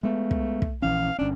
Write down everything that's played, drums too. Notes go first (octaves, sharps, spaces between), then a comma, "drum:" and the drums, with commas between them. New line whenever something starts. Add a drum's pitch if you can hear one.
G#3 A3 B3
drum: kick
drum: kick
A#1 E3 C#4 F5
G1 C#4 D4